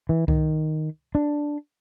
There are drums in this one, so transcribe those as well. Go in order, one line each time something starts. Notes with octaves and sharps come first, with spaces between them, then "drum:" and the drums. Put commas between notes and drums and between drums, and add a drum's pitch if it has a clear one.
E3
D#3, drum: kick C2
D4